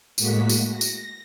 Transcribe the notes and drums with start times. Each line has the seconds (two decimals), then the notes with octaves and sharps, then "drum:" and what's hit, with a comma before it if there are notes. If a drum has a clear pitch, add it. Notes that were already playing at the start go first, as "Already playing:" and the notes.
0.18 A2 G#3 A#3 F#4 B6, drum: tambourine
0.49 drum: tambourine
0.69 A#6
0.81 drum: tambourine